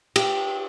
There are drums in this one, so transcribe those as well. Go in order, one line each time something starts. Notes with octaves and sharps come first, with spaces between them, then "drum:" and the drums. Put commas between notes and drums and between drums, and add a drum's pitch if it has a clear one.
G4, drum: cymbal